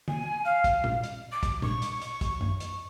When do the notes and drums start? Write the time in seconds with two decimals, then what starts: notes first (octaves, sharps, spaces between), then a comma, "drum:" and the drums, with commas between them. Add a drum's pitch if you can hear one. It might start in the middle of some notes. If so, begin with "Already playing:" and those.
0.08 G#5, drum: tom D3
0.44 F5
0.64 drum: kick, hi-hat
0.84 drum: tom A#2
1.03 drum: hi-hat
1.31 D6
1.43 drum: kick, hi-hat
1.62 C#6, drum: tom A#2
1.82 drum: hi-hat
2.02 drum: hi-hat
2.21 drum: kick, hi-hat
2.41 drum: tom F#2
2.60 drum: hi-hat